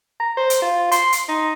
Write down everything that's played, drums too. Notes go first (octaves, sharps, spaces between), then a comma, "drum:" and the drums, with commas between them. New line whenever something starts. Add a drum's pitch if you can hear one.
A#5
C5
drum: hi-hat
F4
C6, drum: hi-hat
drum: hi-hat
D#4